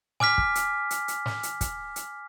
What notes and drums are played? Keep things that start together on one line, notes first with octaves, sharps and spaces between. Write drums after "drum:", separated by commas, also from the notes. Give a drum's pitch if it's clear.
G#5 D6 F6 B6, drum: snare
drum: kick
drum: hi-hat
drum: hi-hat
drum: hi-hat
drum: snare
drum: hi-hat
drum: kick, hi-hat
drum: hi-hat